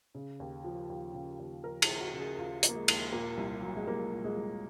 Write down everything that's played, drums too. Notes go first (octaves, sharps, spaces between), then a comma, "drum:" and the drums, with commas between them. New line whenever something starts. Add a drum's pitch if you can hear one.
C#3
D#2
F3
D#2
C#3
D#2
F3 A#4
G#4, drum: cymbal
D#2
F#4
C#3
G#4
D#2 F4
F3, drum: hi-hat
A#3
G#3
D#2, drum: cymbal
A#2 A#3
C2
F#3
G#3
C2 A#3
A#2
G#3
C2